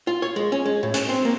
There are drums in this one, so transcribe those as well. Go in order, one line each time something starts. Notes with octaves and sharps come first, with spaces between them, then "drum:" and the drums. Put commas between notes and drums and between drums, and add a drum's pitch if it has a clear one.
F4
C#5
G#3
C#4
G#3
A2
C#4, drum: hi-hat
C4
A#3